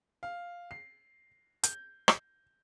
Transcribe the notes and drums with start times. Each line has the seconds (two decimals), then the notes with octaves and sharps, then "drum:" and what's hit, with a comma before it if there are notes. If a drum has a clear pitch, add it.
0.23 F5
0.71 C7
1.63 G6, drum: hi-hat
2.08 drum: rim click